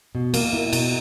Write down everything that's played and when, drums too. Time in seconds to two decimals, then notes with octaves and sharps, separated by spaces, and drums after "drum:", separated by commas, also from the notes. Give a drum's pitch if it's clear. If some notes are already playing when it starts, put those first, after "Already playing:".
0.15 B2
0.34 A#3, drum: cymbal
0.53 E4
0.73 B2, drum: cymbal